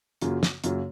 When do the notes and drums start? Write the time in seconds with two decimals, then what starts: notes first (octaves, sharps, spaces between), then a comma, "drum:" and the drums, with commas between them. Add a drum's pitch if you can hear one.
0.21 F#2 C#3 F#3 A#3 F4, drum: hi-hat
0.43 drum: snare
0.64 F#2 C#3 F#3 A#3 F4, drum: hi-hat